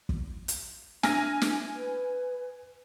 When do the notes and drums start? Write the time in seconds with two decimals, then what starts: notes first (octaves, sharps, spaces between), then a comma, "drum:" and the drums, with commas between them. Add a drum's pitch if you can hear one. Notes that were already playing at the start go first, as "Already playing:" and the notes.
0.09 drum: kick
0.48 drum: hi-hat
1.03 D4 G#5 F6 A#6, drum: snare
1.42 drum: snare
1.76 B4